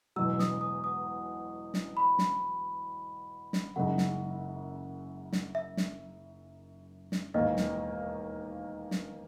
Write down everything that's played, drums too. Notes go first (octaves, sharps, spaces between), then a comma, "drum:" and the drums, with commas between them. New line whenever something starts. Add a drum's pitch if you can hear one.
E1 E2 B2 F#3 E6
D#6, drum: snare
D#6
D#6
drum: snare
B5
drum: snare
drum: snare
F#1 F#2 C#3 G#3 D#4 F#5
drum: snare
drum: snare
E5
drum: snare
drum: snare
E1 D#2 D#3 A#3 D#5
drum: snare
drum: snare